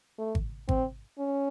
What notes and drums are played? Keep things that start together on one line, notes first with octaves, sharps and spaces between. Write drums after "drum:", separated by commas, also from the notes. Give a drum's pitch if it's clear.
A3
drum: kick G#1
C4, drum: kick G#1
C#4